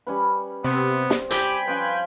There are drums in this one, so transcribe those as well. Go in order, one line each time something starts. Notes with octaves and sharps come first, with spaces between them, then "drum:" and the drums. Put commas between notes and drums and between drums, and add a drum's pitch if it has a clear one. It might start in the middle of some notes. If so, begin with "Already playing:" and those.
G3 C#4 B4
C3 B3 C4
drum: snare
G4 G5 G#5 B5, drum: hi-hat
F3 C#4 B4 F5